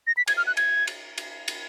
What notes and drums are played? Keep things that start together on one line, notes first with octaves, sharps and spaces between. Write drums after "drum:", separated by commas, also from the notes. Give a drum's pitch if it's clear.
A#6
B6
G#6, drum: cymbal
F6
F#6
G#6, drum: cymbal
drum: cymbal
drum: cymbal
drum: cymbal